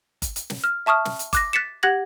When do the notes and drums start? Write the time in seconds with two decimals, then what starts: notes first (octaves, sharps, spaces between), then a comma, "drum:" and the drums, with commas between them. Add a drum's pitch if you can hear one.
0.22 drum: kick G1, hi-hat
0.36 drum: hi-hat
0.50 drum: snare
0.64 F6
0.86 E5 A5 C#6 D#6 F6
1.05 drum: snare
1.19 drum: hi-hat
1.33 D6 F#6 A#6, drum: kick G1, hi-hat
1.53 F#6 A6 B6 C#7 E7
1.83 G4 F#5 F#6 G#6 A#6 F#7